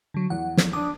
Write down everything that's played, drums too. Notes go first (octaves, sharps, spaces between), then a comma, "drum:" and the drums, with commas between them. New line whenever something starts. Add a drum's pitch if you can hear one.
D3 F#3
E2 F#5
drum: snare
D4 D6 D#6